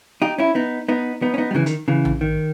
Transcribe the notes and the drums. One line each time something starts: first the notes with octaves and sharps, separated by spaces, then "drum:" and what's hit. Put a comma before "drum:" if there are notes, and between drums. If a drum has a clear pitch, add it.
D#4 G4
C#4 E4
B3 D#4
B3 D#4
B3 D#4
C#4
B3 D#4
G3
C#3 E3
D#3, drum: hi-hat
C#3 E3
drum: tom A#1
D#3